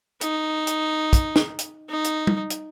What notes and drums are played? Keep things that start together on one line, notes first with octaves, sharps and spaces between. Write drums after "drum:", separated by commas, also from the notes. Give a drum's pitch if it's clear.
D#4, drum: hi-hat
drum: hi-hat
drum: kick, hi-hat
drum: snare
drum: hi-hat
D#4
drum: hi-hat
drum: tom G3
drum: hi-hat